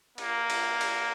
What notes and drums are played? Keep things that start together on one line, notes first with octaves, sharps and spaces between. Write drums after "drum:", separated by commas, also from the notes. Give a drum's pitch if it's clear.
A#3, drum: cymbal
drum: cymbal
drum: cymbal